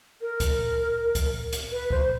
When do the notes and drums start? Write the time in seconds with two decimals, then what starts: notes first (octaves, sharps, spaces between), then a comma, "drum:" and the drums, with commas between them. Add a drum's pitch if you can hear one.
0.21 A#4
0.40 drum: kick C#2, hi-hat
1.15 drum: kick C#2, hi-hat
1.53 drum: hi-hat
1.72 B4
1.90 C5, drum: kick C#2